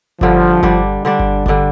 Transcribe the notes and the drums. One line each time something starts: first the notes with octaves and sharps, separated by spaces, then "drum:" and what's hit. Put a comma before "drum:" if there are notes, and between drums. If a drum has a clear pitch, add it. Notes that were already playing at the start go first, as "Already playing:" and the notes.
D3 F3 G3 D4, drum: kick G1
D3 G3 D4, drum: kick G1
D3 G3 D4
drum: kick G1
D3 G3 D4, drum: kick G1